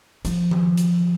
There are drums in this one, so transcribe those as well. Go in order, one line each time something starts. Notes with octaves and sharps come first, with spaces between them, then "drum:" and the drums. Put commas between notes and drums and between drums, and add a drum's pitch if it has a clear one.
F3, drum: hi-hat
drum: tom D#3
drum: hi-hat